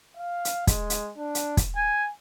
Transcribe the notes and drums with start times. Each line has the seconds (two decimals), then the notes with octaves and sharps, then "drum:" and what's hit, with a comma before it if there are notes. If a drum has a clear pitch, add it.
0.17 F5
0.45 drum: hi-hat
0.67 G#3, drum: kick, hi-hat
0.90 drum: hi-hat
1.17 D4
1.35 drum: hi-hat
1.57 drum: kick, hi-hat
1.76 G#5